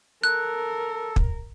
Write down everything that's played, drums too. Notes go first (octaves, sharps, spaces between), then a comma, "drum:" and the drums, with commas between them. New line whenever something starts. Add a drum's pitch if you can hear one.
A4 A#4 F#6
drum: kick